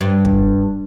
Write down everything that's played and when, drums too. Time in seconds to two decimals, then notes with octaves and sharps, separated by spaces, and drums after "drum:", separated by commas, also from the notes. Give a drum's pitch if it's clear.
0.01 G2
0.25 drum: kick